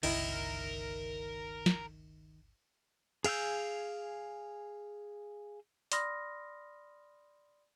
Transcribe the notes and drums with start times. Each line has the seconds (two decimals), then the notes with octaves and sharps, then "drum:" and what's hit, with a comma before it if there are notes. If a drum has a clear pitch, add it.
0.03 G1 C#2 D#3 E4 A#4, drum: cymbal
1.66 drum: snare
3.24 G#4 F5 G#5 E6 G6, drum: cymbal
5.92 D5 B5 C6 D#6 F6 A#6, drum: hi-hat